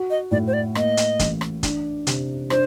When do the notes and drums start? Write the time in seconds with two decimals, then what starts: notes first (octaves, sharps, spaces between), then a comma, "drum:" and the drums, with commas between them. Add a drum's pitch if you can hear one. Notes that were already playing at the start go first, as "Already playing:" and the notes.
Already playing: F#4
0.10 D#5
0.31 A2 D5
0.47 C5
0.53 D5
0.75 A#3 D#5, drum: rim click
0.97 drum: hi-hat
1.19 A1, drum: kick, hi-hat
1.41 drum: rim click
1.63 D4, drum: kick, hi-hat
2.07 C3, drum: hi-hat
2.50 D4 C5, drum: rim click